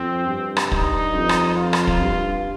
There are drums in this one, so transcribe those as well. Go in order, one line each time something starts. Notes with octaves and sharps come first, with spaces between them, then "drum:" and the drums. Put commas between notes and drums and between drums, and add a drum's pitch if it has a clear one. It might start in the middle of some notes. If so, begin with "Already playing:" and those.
Already playing: F2 C4
G2
drum: rim click
D#4, drum: kick
F2
drum: rim click
F4
drum: rim click
drum: kick
G2